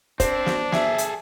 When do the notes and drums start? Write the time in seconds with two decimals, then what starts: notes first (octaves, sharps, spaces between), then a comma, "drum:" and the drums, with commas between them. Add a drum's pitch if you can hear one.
0.20 C4 D4 C5, drum: kick F1, hi-hat
0.46 drum: snare
0.72 G#4 A4 E5, drum: snare
0.98 drum: hi-hat